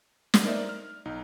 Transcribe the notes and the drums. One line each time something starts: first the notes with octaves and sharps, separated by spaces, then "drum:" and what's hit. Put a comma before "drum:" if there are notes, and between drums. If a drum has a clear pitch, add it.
drum: snare
D#4 A#4 C5 D5 E5
F6
B1 D#4